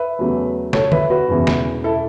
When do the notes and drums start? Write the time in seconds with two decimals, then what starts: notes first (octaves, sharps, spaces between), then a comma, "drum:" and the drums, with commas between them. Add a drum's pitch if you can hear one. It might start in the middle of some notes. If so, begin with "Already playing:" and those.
Already playing: B4 E5
0.19 E2 C#3 F#3 A3
0.73 A4 C#5, drum: snare
0.92 B4 E5, drum: tom D3
1.10 F#4 B4
1.28 E1 E2 C#3 E3
1.47 drum: snare
1.84 E4 A4